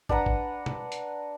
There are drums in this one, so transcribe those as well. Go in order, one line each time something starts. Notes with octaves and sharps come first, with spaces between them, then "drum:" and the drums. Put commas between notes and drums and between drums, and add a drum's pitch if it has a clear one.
D4 B4 F#5 A#5, drum: kick
drum: kick
drum: tom B2
drum: hi-hat